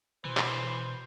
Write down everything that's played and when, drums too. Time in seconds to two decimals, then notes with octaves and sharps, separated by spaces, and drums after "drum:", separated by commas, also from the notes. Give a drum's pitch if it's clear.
0.25 B2 E3 C5
0.37 drum: clap